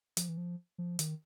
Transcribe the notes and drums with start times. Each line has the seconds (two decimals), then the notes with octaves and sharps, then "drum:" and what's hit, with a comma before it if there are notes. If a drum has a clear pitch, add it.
0.17 F3, drum: hi-hat
0.29 E3
0.37 F3
0.78 F3
0.99 D#3, drum: hi-hat